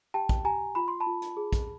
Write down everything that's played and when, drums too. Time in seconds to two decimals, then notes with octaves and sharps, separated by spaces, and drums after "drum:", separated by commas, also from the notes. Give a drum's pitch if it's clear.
0.14 G4 G5 A5
0.29 drum: kick, hi-hat
0.45 G4 G#5 A#5
0.75 F4 B5
0.88 C6
1.00 A5 B5
1.07 F4
1.22 drum: hi-hat
1.37 G#4
1.53 drum: kick, hi-hat